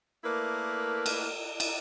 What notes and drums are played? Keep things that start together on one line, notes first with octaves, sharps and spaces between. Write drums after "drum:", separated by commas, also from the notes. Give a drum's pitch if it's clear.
A3 A#3 E4 A#4 B4 D5
drum: cymbal
drum: cymbal